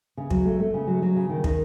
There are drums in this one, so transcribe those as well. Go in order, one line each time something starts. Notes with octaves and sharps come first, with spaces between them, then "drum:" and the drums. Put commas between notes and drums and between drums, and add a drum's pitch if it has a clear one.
C#3
F#3, drum: kick
A3
A3
C#3
F#3
F#3
C#3
D#3
D#3, drum: kick